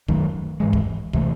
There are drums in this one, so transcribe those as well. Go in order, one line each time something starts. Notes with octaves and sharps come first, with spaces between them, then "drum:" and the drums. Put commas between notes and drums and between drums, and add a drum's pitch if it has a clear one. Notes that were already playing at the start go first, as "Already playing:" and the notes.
F#2 D#3 F#3 A3, drum: kick
G#2 E3 G#3
drum: kick
C3 E3 A3, drum: kick